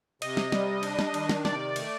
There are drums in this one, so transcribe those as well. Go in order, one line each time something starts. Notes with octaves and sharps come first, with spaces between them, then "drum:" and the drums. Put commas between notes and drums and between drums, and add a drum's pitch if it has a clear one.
C3 D#5, drum: cymbal
drum: snare
G3, drum: snare
D4, drum: cymbal
drum: snare
D#3, drum: cymbal
drum: snare
C3 D5, drum: snare
A3, drum: cymbal